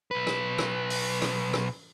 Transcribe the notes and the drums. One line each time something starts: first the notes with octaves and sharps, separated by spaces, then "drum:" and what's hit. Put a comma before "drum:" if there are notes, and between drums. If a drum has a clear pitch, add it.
B1 B4
drum: rim click
drum: rim click
drum: open hi-hat
drum: rim click
drum: rim click